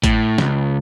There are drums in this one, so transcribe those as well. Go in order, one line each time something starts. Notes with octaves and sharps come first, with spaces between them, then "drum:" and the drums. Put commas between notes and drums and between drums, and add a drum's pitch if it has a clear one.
A2, drum: kick G#1, hi-hat
C#2, drum: snare